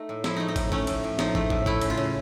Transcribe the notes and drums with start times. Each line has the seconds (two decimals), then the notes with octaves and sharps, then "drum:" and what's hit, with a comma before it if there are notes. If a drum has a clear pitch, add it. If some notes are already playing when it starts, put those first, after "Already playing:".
Already playing: A3 D#4
0.09 A2
0.24 F3 E4, drum: snare
0.36 A3 D#4
0.48 D#4
0.56 A2, drum: kick, cymbal
0.72 A3 C#4, drum: kick
0.87 A2, drum: cymbal
1.04 A2
1.19 F3 D#4, drum: snare
1.35 A3, drum: kick
1.50 A2, drum: kick
1.66 A3 E4, drum: kick
1.81 C#3, drum: cymbal
1.90 F4
1.97 C#3